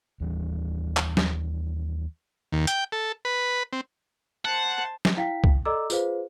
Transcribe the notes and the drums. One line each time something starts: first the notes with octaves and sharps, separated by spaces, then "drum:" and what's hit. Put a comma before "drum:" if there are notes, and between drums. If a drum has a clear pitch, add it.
D#2 E3 G3
drum: clap
drum: snare
D#2
G5, drum: hi-hat
A4
B4
C4
C5 F#5 A5
drum: snare
E4 F5 G5 B6
drum: kick
A4 D5 D#5 A#5 D6 E6
F4 G#4 B4 C5 F5, drum: tambourine